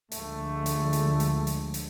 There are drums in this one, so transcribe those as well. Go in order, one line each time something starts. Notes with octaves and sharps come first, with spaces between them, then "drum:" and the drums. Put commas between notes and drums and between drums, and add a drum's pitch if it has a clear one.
D2 D3 F3 G#3 A3, drum: hi-hat
drum: hi-hat
drum: hi-hat
drum: hi-hat
drum: hi-hat
drum: hi-hat